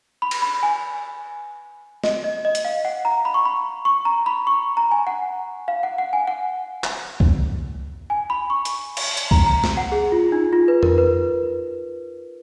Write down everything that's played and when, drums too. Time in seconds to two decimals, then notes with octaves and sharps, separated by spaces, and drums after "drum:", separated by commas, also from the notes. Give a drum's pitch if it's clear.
0.22 B5
0.31 drum: cymbal
0.42 B5
0.63 G#5
2.04 D#5, drum: snare
2.24 D#5
2.45 D#5
2.55 drum: hi-hat
2.65 F5
2.85 F#5
3.05 A#5
3.25 B5
3.34 C#6
3.45 B5
3.85 C#6
4.05 A#5
4.26 B5
4.47 C#6
4.77 A#5
4.91 G#5
5.07 F#5
5.68 F5
5.83 F#5
5.98 F#5
6.13 G#5
6.28 F#5
6.84 drum: clap
7.20 drum: kick C2
8.10 G#5
8.30 B5
8.50 C#6
8.65 drum: hi-hat
8.97 drum: cymbal
9.17 drum: hi-hat
9.31 A#5, drum: kick C2
9.46 A#5
9.64 drum: snare
9.77 F#5
9.92 G#4
10.12 F4
10.32 D#4
10.53 F4
10.68 B4
10.83 A#4, drum: tom F2
10.98 B4